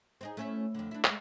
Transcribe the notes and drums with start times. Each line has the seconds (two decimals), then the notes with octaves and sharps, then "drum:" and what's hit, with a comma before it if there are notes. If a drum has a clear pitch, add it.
0.21 C4 D#4 G#4
0.37 A3 C#4 E4
0.75 F2 D3
0.91 D4 E4
1.04 G#3 A3, drum: clap